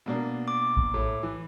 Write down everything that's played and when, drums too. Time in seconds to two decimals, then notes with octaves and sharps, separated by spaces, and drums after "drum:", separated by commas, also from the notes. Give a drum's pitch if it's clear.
0.06 B2 A#3 D4
0.48 D6
0.77 drum: kick A1
0.94 A2
1.23 E3